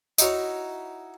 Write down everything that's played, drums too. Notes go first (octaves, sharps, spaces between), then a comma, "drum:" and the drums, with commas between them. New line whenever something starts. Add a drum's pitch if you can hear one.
D#4 E4 F#4 C#5, drum: tambourine